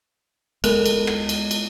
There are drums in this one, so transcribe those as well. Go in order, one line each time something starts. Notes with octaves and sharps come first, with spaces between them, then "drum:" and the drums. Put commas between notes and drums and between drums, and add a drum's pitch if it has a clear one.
G#3 B3 A4 A#4, drum: cymbal
drum: cymbal
drum: rim click
drum: cymbal
drum: cymbal